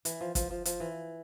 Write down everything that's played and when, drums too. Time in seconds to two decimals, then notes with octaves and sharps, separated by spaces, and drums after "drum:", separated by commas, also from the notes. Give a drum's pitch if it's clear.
0.05 E3, drum: hi-hat
0.21 F3
0.35 F3, drum: kick, hi-hat
0.50 F3
0.65 F3, drum: hi-hat
0.80 E3